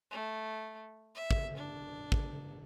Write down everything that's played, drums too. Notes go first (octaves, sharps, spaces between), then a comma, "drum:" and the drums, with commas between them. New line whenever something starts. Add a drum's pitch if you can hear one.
A3
E5
drum: kick
D4
drum: kick